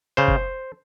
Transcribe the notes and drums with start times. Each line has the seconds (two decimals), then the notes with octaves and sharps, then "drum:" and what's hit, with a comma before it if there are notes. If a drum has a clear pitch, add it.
0.17 C#3 C5
0.28 drum: kick F#1